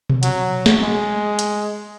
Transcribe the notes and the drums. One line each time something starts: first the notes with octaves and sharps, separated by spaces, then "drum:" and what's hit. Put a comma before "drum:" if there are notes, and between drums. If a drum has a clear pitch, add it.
drum: tom B2
F#3, drum: hi-hat
drum: snare
G#3
drum: hi-hat